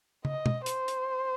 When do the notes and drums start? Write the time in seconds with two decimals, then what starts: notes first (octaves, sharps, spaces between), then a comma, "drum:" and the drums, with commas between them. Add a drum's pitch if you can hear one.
0.25 D#5, drum: tom
0.46 drum: tom
0.66 C5, drum: hi-hat
0.88 drum: hi-hat